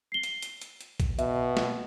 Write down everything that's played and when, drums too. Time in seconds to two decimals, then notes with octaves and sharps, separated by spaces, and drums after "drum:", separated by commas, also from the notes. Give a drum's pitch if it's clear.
0.12 C7 G7
0.23 drum: hi-hat
0.42 drum: hi-hat
0.62 drum: hi-hat
0.81 drum: hi-hat
1.00 drum: kick, hi-hat
1.19 B2 E5, drum: hi-hat
1.57 drum: snare